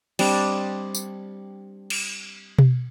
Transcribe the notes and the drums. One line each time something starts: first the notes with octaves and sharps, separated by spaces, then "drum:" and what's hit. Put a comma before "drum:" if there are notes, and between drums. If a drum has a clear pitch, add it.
G3 C4 D4 D#5, drum: cymbal
drum: tambourine
drum: cymbal
drum: tom B2